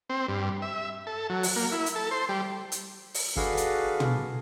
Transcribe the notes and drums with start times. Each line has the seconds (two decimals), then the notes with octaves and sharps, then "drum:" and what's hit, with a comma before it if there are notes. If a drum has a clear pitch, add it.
0.09 C4
0.28 G2
0.62 E5
1.07 A4
1.30 F#3
1.43 drum: open hi-hat
1.56 A#3
1.72 E4
1.86 drum: hi-hat
1.95 A4
2.11 C5
2.29 G3
2.72 drum: hi-hat
3.14 drum: open hi-hat
3.36 D4 F#4 G#4 A4 B4 F5, drum: kick
3.57 drum: hi-hat
4.00 drum: tom